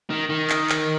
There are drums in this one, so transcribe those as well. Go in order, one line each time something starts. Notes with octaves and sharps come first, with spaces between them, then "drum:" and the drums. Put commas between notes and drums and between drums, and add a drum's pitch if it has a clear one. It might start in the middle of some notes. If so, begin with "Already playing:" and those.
D#3
D#3
drum: clap
drum: clap